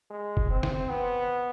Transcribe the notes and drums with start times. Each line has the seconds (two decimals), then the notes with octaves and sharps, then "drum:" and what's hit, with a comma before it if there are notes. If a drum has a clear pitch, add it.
0.10 G#3
0.37 drum: kick E1
0.50 C4
0.63 drum: snare
0.89 B3